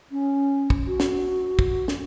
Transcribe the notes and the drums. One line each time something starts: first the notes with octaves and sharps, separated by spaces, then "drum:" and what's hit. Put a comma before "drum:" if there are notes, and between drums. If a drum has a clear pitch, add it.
C#4
drum: kick
F#4
drum: snare
drum: kick
drum: snare